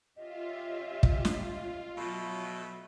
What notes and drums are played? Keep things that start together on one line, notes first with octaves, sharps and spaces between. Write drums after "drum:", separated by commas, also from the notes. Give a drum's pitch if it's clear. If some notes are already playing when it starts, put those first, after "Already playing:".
C#4 F4 G4 D#5 E5
drum: kick
drum: snare
B2 F#3 A3